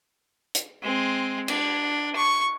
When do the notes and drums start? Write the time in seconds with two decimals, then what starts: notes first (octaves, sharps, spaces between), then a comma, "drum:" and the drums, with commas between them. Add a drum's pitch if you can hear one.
0.55 drum: hi-hat
0.83 G#3 C4
1.48 D4, drum: cymbal
2.16 C#6